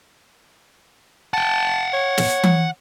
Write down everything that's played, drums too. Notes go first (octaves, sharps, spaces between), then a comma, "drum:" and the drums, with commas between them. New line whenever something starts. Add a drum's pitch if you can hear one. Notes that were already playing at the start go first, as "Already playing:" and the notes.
F#5 G5 A5
C#5
drum: snare
drum: tom E3